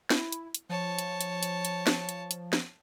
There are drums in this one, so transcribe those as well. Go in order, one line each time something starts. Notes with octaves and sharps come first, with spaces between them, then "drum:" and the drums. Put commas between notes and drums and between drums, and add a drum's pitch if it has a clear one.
E4, drum: snare
drum: hi-hat
drum: hi-hat
F3 C#5 A5
drum: hi-hat
drum: hi-hat
drum: hi-hat
drum: hi-hat
drum: snare
drum: hi-hat
drum: hi-hat
drum: snare